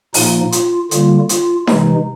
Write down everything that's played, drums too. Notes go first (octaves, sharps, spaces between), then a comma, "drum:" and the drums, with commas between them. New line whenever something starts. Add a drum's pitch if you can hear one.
A#2 F3 A#3 D#4, drum: open hi-hat
F4, drum: hi-hat
D3 G3 A#3 F4, drum: hi-hat
F4, drum: hi-hat
C3 E3 G#3 D#4, drum: snare D#4